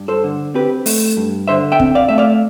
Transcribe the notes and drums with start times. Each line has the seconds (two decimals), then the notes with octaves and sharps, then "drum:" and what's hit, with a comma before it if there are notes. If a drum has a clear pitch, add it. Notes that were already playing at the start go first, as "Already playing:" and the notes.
Already playing: G2
0.08 A4 C5
0.24 D3
0.54 C4 G4 B4
0.86 A3, drum: open hi-hat
1.17 G2
1.48 D3 C5 E5
1.72 E5 G5
1.80 C4, drum: kick
1.95 D5 F5
2.09 A3 E5
2.18 D5 F5